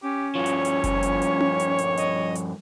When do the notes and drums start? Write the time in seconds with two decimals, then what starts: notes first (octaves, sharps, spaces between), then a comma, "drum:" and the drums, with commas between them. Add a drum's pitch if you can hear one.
0.03 C#4 G4
0.35 G2 F3 C#5
0.46 drum: hi-hat
0.65 drum: hi-hat
0.84 drum: kick F#1, hi-hat
1.03 drum: hi-hat
1.22 drum: hi-hat
1.41 drum: tom C#4
1.60 drum: hi-hat
1.79 drum: hi-hat
1.97 D#5, drum: hi-hat
2.35 drum: hi-hat